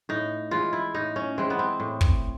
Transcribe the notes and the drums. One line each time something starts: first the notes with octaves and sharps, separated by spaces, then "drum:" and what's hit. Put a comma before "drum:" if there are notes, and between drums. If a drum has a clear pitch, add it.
A2 D#4
E3 G#3 F4
E4
A2 D#4
C#4
E3 G#3 C4
B3
C4
A2
drum: kick